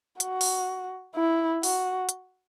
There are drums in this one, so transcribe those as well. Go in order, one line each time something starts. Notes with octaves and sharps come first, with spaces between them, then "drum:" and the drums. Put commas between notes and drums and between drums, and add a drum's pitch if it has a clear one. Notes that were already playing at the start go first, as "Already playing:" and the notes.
F#4, drum: hi-hat
drum: open hi-hat
E4
F#4, drum: open hi-hat
drum: hi-hat